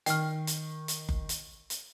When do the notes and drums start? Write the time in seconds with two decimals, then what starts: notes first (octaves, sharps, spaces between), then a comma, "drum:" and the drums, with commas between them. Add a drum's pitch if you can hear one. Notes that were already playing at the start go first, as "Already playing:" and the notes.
0.06 D#3 G5 F6, drum: hi-hat
0.47 drum: hi-hat
0.88 drum: hi-hat
1.09 drum: kick F#1
1.29 drum: hi-hat
1.70 drum: hi-hat